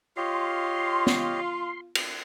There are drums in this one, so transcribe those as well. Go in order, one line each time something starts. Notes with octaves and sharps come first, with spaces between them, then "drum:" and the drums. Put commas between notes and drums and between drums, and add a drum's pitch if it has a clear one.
F4 G4 C#5 D#5 C6
drum: snare B3
drum: cymbal